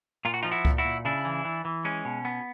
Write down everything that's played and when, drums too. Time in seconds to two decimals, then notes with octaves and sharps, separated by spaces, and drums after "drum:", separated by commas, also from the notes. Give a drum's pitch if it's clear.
0.25 A#2 F4
0.34 F#4
0.43 F3 D#4 F4
0.51 E4 F#4
0.65 A#2, drum: kick C#2
0.78 E4 F#4
0.85 A#2
1.05 C#3 D4 E4
1.25 E3
1.45 E3
1.65 E3
1.85 G#3 C#4
2.05 B2
2.25 B3